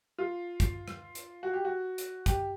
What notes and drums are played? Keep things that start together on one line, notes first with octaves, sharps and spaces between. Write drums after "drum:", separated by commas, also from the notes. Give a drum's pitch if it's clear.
F4
drum: kick, hi-hat
drum: rim click
drum: hi-hat
F#4
G4
F#4
drum: hi-hat
G4, drum: kick, hi-hat